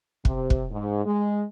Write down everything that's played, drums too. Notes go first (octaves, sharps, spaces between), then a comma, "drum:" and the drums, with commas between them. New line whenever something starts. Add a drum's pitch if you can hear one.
C3, drum: kick
drum: kick
G#2
G#3